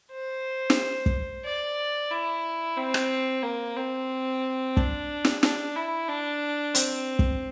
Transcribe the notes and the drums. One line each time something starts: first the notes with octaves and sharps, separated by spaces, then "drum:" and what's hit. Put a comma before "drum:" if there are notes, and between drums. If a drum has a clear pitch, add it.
C5
drum: snare
drum: kick
D5
E4
C4
drum: rim click
A#3
C4
D4, drum: kick
drum: snare
D4, drum: snare
E4
D4
C4, drum: hi-hat
drum: kick